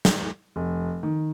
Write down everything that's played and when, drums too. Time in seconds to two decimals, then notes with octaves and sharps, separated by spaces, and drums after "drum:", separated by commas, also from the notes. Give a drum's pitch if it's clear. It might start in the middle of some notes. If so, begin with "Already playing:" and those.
0.05 drum: snare
0.56 F1
1.03 D#3